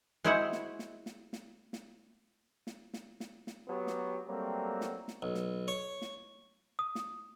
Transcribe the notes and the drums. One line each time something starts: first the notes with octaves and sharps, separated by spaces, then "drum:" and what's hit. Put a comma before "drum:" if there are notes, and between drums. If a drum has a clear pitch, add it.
G#3 C4 E4 F#4 G#4 F#5
drum: snare
drum: snare
drum: snare
drum: snare
drum: snare
drum: snare
drum: snare
drum: snare
drum: snare
F#3 B3 G4
drum: snare
F#3 G3 A3 A#3 C4
drum: snare
drum: snare
B1
drum: snare
C#5
drum: snare
D#6
drum: snare